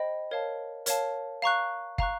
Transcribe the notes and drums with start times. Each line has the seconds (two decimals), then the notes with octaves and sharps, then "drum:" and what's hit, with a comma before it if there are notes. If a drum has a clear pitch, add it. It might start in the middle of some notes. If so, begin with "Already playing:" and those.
Already playing: C5 D#5 G5 B5
0.31 A#4 C#5 F5 A5
0.86 A#4 C#5 F5 A5, drum: hi-hat
1.42 F5 A#5 C#6 F#6
1.98 F5 A#5 C#6 F#6, drum: kick